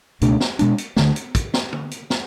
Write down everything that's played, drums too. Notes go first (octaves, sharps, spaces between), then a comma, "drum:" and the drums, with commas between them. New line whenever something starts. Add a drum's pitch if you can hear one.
C#2 B2 A3 D4, drum: hi-hat
drum: snare
B2 G#3 D4, drum: hi-hat
drum: hi-hat
D2 D3 A3, drum: snare
drum: hi-hat
drum: kick, hi-hat
drum: snare
drum: tom
drum: hi-hat
drum: snare